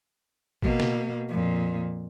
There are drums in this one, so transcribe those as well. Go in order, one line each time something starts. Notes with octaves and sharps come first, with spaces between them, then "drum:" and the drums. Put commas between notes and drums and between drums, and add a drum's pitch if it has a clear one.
B2 A#3, drum: kick
drum: snare
F2 A#2